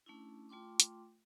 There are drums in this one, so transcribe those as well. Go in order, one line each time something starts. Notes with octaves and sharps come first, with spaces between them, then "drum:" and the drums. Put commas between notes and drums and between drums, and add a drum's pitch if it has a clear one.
A3 C#4 D4 E4
A3 F4 G5 C6 D6
drum: hi-hat